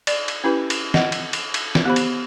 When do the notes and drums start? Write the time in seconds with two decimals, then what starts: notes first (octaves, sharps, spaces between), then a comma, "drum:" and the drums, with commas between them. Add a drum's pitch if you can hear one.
0.07 D5, drum: cymbal
0.28 drum: cymbal
0.44 C#4 E4 G4 B4 B5
0.70 drum: cymbal
0.94 D#5 F#5, drum: snare
1.12 drum: cymbal
1.33 drum: cymbal
1.54 drum: cymbal
1.75 drum: snare
1.85 B3 G4 C5 B5
1.96 drum: cymbal